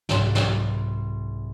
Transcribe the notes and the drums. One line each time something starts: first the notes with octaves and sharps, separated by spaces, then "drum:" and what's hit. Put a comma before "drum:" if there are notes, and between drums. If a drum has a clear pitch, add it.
C2 G#2 F#3 C6 F#6 A6, drum: snare
drum: snare